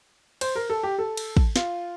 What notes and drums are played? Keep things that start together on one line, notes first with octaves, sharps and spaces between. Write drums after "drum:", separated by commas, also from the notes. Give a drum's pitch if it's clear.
C5, drum: cymbal
A#4
A4
G4
A4
drum: cymbal
drum: kick
F4, drum: snare